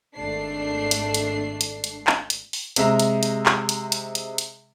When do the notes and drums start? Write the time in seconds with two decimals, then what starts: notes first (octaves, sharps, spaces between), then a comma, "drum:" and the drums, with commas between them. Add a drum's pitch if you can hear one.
0.15 G#1 A3 D4 C7
0.91 drum: hi-hat
1.14 drum: hi-hat
1.61 drum: hi-hat
1.84 drum: hi-hat
2.07 drum: clap
2.30 drum: hi-hat
2.53 drum: open hi-hat
2.76 C3 G#3 E5 A#5, drum: hi-hat
3.00 drum: hi-hat
3.23 drum: hi-hat
3.46 drum: clap
3.69 drum: hi-hat
3.92 drum: hi-hat
4.15 drum: hi-hat
4.38 drum: hi-hat